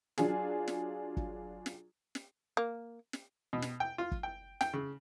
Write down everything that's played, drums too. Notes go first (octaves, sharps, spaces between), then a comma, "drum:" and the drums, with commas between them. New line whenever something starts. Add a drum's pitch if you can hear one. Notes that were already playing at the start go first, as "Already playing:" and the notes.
F#3 D4 F4 G#4, drum: snare
drum: snare
drum: kick
drum: snare
drum: snare
A#3
drum: snare
B2
drum: snare
G5
F4
drum: kick
G5
G5, drum: snare
C#3